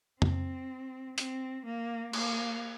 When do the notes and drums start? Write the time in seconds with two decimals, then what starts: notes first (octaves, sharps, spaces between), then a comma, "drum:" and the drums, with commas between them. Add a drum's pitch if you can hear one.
0.22 C4, drum: tom F2
1.18 C4, drum: hi-hat
1.65 A#3
2.13 A#3, drum: cymbal